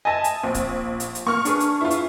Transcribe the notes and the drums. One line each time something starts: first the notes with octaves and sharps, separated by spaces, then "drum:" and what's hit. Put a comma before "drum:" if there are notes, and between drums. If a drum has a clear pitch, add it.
D#5 E5 G#5 A5
drum: hi-hat
A#1 C4
drum: kick C#1, hi-hat
drum: hi-hat
drum: hi-hat
A#3 C#6 F6
D4 G#4 B4, drum: hi-hat
drum: hi-hat
E4 F4
drum: hi-hat